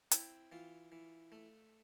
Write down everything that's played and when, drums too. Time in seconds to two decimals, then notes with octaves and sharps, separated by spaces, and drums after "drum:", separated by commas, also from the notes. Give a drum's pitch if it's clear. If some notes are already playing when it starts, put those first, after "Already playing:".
0.11 C4 E4, drum: hi-hat
0.52 E3 F4
0.92 E3
1.32 A3